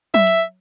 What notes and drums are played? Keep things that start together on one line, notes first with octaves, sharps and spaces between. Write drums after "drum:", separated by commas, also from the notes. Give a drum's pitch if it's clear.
E5, drum: tom F#3
drum: hi-hat